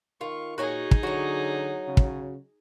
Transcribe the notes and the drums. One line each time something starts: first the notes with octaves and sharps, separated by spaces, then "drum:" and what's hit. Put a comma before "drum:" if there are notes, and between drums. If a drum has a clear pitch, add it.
D#3 F4 C#6
A#2 D#4 F#4 G#4 C#5 G#5
drum: kick
D3 F#3 F#4 C#5
C#3
drum: kick